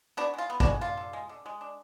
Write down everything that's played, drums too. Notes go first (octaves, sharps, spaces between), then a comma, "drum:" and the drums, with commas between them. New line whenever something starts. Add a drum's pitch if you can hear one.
B3 D4 F#4
G#3 F4
B3
D4 F#4, drum: kick
G#3
D3 F4
D3
G#3
D3
G#3
D4